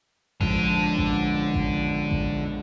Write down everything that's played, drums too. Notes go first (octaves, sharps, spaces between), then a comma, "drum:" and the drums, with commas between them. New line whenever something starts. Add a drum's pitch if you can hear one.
G#2 D3 F3 A5, drum: kick A1
drum: kick A1
drum: kick A1
drum: kick A1